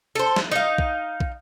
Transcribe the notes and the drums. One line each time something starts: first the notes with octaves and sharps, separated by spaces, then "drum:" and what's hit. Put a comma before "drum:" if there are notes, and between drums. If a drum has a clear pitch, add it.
A4 C5
drum: snare
D#4 F5
drum: kick
drum: kick